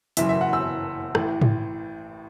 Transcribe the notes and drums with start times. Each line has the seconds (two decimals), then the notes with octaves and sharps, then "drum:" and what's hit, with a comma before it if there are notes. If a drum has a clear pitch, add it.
0.17 F#1 F#2 E3 E5, drum: hi-hat
0.29 E5
0.41 F#5
0.53 E6
1.15 A1 A2 E3, drum: rim click
1.42 drum: tom G#2